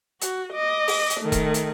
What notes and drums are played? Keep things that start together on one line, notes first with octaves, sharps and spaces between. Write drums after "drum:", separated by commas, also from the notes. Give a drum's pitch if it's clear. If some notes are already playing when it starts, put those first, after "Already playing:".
F#4, drum: hi-hat
D#5 D6
drum: open hi-hat
drum: hi-hat
D#3 A3
drum: kick E1, hi-hat
drum: hi-hat